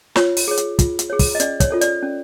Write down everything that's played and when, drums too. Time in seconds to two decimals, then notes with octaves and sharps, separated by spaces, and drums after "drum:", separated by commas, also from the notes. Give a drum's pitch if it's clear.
0.16 F4 C#5, drum: snare
0.37 drum: open hi-hat
0.48 G#4 C#5
0.57 drum: hi-hat
0.79 F4, drum: kick, hi-hat
0.99 drum: hi-hat
1.10 G#4 C#5
1.19 drum: kick, open hi-hat
1.35 D#5
1.40 C#4 D5, drum: hi-hat
1.60 C#5, drum: kick, hi-hat
1.70 F4 A4 C#5
1.81 D5, drum: hi-hat
2.02 C#4